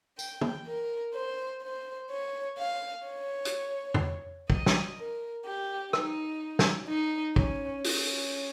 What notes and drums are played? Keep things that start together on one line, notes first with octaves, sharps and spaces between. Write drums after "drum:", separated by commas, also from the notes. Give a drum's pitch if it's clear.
G5, drum: tambourine
drum: tom
A#4
C5
C5
C#5
F5
C#5
drum: hi-hat
drum: tom E2
D#5, drum: kick
drum: snare
A#4
G4
D#4, drum: rim click
drum: snare
D#4
C#4, drum: kick
C#4, drum: open hi-hat